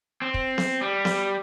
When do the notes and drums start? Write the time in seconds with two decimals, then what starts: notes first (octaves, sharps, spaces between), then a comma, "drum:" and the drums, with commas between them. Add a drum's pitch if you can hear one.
0.22 C4
0.34 drum: kick
0.58 drum: snare B3
0.81 G3
1.05 drum: snare B3